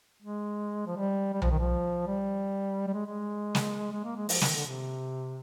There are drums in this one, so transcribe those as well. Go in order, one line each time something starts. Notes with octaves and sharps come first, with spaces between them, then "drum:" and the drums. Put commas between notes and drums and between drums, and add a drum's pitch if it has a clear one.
G#3
F3
G3
G3
F3, drum: tom B1
D#3
F3
G3
G3
G#3
G#3
drum: snare
G#3
A#3
G#3
F3, drum: open hi-hat
D#3, drum: snare
D3
C3